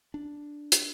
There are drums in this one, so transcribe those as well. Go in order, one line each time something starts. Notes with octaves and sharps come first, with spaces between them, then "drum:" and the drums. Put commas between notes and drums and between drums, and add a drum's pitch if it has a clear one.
D4
drum: hi-hat